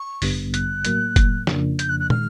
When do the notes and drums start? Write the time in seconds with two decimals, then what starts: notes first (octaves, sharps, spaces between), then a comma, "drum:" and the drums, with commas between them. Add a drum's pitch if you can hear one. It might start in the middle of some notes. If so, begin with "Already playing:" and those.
Already playing: C#6
0.22 A1 G2 D3 G3 B3, drum: open hi-hat
0.54 F#6, drum: hi-hat
0.85 A2 F#3 A#3, drum: hi-hat
1.16 drum: kick, hi-hat
1.47 F2 C#3 F3 A#3 D4, drum: snare
1.79 G6, drum: hi-hat
1.89 F#6
2.00 F#6
2.10 D#3 G#3 F6, drum: tom